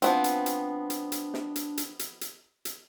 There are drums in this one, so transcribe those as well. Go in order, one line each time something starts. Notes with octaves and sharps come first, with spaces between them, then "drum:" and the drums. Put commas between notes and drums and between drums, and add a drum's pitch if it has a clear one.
F3 B3 C4 D4, drum: hi-hat
drum: hi-hat
drum: hi-hat
drum: hi-hat
drum: hi-hat
drum: snare
drum: hi-hat
drum: hi-hat
drum: hi-hat
drum: hi-hat
drum: hi-hat